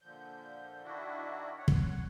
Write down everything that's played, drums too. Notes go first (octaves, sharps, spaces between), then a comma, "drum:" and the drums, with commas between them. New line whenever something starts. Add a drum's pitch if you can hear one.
A#2 D3 F3 G6
D#3 D4 E4 F#4
C#5 F#5
drum: kick